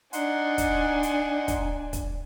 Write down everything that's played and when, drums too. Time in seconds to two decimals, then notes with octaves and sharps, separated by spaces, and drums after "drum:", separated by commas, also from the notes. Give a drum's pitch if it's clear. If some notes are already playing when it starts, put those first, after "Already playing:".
0.13 D4 D#4 F#5 G#5 C6, drum: hi-hat
0.58 drum: kick, hi-hat
1.03 drum: hi-hat
1.48 drum: kick, hi-hat
1.93 drum: kick, hi-hat